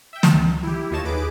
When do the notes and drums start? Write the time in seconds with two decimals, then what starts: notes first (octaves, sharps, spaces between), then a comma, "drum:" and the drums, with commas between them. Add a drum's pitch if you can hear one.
0.13 E5 G5
0.23 drum: snare
0.33 C#2
0.63 E4 G4
0.91 D#2 F4 C#5 D#5 A5 E7
1.05 D#2 D#4 G#4 B4 D6 D7